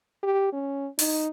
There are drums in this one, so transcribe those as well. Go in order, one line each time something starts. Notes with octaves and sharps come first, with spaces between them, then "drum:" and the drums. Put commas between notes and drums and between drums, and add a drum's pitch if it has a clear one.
G4
C#4
D#4, drum: open hi-hat